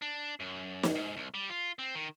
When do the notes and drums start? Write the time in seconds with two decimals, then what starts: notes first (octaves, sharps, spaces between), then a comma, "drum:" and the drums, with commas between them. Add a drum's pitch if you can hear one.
0.02 D4
0.40 F#2
0.83 drum: snare
0.95 G#2
1.17 C2
1.34 G3
1.50 F4
1.79 C4
1.95 D#3